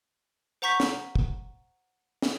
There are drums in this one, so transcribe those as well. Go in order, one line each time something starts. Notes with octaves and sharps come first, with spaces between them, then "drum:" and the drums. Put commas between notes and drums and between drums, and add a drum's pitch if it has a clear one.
C5 F#5 A#5 C#6 G6 B6
drum: snare
drum: kick
drum: snare